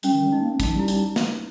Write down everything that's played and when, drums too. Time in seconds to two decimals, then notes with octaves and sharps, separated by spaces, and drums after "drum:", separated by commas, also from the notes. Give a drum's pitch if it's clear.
0.03 G3 C#4, drum: hi-hat
0.13 D#3
0.23 G3
0.32 G#3 D#4
0.41 A#3
0.50 C#4
0.60 G#3 D#4, drum: kick, hi-hat
0.67 E3
0.74 G3
0.79 E4
0.88 D#4, drum: hi-hat
1.16 drum: snare